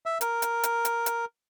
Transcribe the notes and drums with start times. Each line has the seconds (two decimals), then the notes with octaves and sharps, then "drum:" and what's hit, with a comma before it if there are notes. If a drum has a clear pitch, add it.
0.06 E5
0.21 A#4, drum: hi-hat
0.42 drum: hi-hat
0.63 drum: hi-hat
0.85 drum: hi-hat
1.06 drum: hi-hat